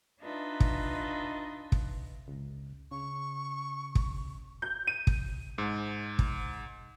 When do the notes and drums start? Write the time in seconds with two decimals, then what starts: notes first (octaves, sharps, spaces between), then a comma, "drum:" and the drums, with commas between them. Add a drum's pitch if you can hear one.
0.22 D4 D#4 F4 B4 D#5 E5
0.60 drum: kick
1.72 drum: kick
2.28 C#2
2.91 C#3 C#6
3.95 drum: kick
4.62 G6
4.87 D#7
5.07 drum: kick
5.58 G#2
6.19 drum: kick